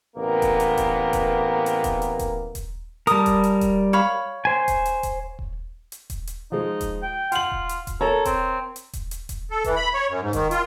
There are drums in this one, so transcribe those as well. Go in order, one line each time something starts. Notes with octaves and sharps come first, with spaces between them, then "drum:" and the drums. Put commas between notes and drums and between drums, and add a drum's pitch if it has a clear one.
A1 C3 A#3 B3 A#4
drum: kick D#1, hi-hat
drum: hi-hat
drum: kick D#1, hi-hat
drum: kick D#1, hi-hat
drum: hi-hat
drum: kick D#1, hi-hat
drum: hi-hat
drum: kick D#1, hi-hat
drum: kick D#1, hi-hat
G3 A#4 A5 D#6, drum: hi-hat
drum: kick D#1, hi-hat
drum: hi-hat
drum: kick D#1, hi-hat
C#5 F5 B5
C5 G#5
drum: kick D#1, hi-hat
drum: hi-hat
drum: kick D#1, hi-hat
drum: kick D#1
drum: hi-hat
drum: kick D#1, hi-hat
drum: hi-hat
F3 G#3 D#4
drum: kick D#1, hi-hat
G5
F4 F#5 F#7, drum: hi-hat
drum: kick D#1
drum: hi-hat
drum: kick D#1, hi-hat
A4 A#4 C#5 A#5
C4, drum: kick D#1, hi-hat
drum: hi-hat
drum: kick D#1, hi-hat
drum: hi-hat
drum: kick D#1, hi-hat
A4
E3, drum: kick D#1, hi-hat
B5
C#5
F#2
G#2
D#3, drum: kick D#1, hi-hat
F4, drum: hi-hat